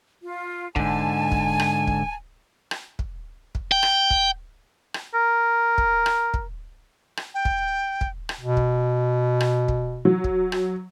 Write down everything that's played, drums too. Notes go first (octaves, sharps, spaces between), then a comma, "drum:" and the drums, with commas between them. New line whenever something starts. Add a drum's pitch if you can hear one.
F4
G#2 D3 G#5 A5, drum: kick
drum: kick
drum: rim click
drum: kick
drum: rim click
drum: kick
drum: kick
G5
drum: rim click
drum: kick
drum: rim click
A#4
drum: kick
drum: rim click
drum: kick
drum: rim click
G5
drum: kick
drum: kick
drum: rim click
B2
drum: kick
drum: rim click
drum: kick
F#3
drum: kick
drum: rim click